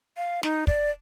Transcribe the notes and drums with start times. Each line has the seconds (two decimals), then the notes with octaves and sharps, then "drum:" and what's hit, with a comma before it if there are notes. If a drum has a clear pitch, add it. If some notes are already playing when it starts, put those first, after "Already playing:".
0.17 F5
0.43 D#4, drum: snare
0.67 D5, drum: kick